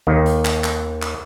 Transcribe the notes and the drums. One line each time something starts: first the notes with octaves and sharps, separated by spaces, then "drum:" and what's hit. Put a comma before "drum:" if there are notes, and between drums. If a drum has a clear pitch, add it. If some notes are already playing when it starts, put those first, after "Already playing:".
D#2 D#3
drum: hi-hat
drum: clap
drum: clap
drum: clap